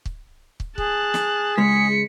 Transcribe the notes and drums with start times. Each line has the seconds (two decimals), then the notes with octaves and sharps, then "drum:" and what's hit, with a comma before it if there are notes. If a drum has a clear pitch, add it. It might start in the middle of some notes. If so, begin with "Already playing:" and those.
0.06 drum: kick
0.60 drum: kick
0.78 G#4 A5 F#6, drum: kick
1.14 drum: snare
1.58 C#2 G#3 B6 C#7